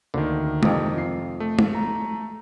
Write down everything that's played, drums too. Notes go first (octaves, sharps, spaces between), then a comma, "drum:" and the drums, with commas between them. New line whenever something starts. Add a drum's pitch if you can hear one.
D2 D3 D#3 A#3
F2 C3 D#6, drum: tom
F4 C7
A3
drum: tom
A#5